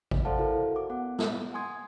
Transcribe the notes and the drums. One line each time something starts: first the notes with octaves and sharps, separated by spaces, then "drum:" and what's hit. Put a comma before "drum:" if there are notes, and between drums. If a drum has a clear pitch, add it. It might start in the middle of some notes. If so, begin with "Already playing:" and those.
drum: kick G#1
A4 C5 D5 F5 F#5 A5
E4 F#4 A4 A#4
D6
B3 F#5
drum: snare
G#5 C6 D#6 G#6